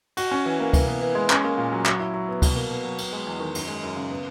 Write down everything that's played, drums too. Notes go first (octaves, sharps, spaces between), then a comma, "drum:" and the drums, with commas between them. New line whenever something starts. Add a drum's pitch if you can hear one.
F#4, drum: cymbal
C#4
E3
A#3
E3, drum: kick C#2, cymbal
B3
E3
G#3
C#4, drum: clap
A#3
A#2
F#3
F#3, drum: clap
E4
F#3
B3
B2, drum: kick C#2, cymbal
A#3
B2
F#3
B3, drum: cymbal
G#3
E2
D#3
F#2, drum: cymbal
G#3
F#2
C#3
B3